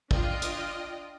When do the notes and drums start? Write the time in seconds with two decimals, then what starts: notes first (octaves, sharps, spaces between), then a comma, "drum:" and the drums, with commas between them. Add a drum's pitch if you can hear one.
0.11 D4 F4 D#5 G5, drum: kick
0.42 drum: hi-hat